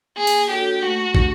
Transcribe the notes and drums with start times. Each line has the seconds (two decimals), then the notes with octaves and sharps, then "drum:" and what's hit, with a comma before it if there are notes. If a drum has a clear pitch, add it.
0.17 A#3 G#4
0.27 drum: cymbal
0.49 D4 F#4 G4 A4 C#5
0.83 A3 F#4
1.15 D4 G4, drum: kick